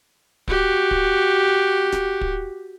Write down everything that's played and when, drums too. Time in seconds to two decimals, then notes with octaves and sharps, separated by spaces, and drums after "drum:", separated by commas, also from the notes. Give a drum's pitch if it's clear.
0.48 F#4 G4, drum: kick
0.91 drum: kick
1.92 drum: snare
2.21 drum: kick